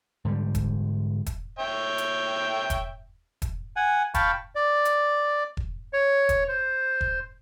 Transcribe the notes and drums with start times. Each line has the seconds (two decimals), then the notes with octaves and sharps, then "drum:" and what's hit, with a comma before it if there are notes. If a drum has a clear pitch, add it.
0.25 G#2 D3 G3
0.55 drum: kick E1, hi-hat
1.26 drum: kick E1, hi-hat
1.59 C#5 E5 G5
1.98 drum: hi-hat
2.70 drum: kick E1, hi-hat
3.42 drum: kick E1, hi-hat
3.76 F#5 G#5
4.14 F5 G5 A5 B5 C#6, drum: kick E1, hi-hat
4.55 D5
4.85 drum: hi-hat
5.57 drum: kick E1
5.93 C#5
6.29 drum: kick E1, hi-hat
6.48 C5
7.01 drum: kick E1